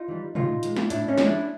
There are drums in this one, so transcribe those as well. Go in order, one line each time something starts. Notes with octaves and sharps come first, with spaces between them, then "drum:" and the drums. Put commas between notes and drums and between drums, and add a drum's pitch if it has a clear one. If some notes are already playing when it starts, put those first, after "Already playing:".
Already playing: D#4 F4
E3 G3
A2 D#4 F4, drum: tom
F3 G#3, drum: hi-hat
drum: snare
A2 D4 E4, drum: hi-hat
C#4 D#4
F3 G#3, drum: snare
D4 E4